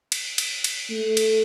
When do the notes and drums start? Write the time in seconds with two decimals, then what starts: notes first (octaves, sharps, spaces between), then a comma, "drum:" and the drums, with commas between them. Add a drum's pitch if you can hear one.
0.12 drum: cymbal
0.38 drum: cymbal
0.64 drum: cymbal
0.90 A3
1.17 drum: cymbal